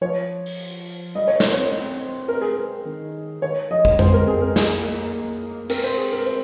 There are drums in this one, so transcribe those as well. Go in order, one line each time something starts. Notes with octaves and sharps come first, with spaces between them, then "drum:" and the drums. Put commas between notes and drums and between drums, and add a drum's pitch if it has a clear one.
F3 C#5
drum: open hi-hat
G3 D#5
C#5
A#3 C5, drum: snare
C#5
C4
C4
A#4
G#4
A#4
D#3
D#3 C#5
F3 D#5
G3, drum: kick
G#3 C5, drum: tom F2
G#3 A#4
C4 G#4
G#3 A#4
A#3 G#4, drum: snare
C4 A#4, drum: cymbal
C5
G#4
A#4
C5